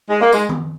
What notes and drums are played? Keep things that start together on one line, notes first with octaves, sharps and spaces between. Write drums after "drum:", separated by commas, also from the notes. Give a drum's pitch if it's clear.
G#3
A#3
G#3, drum: tambourine
drum: tom D#3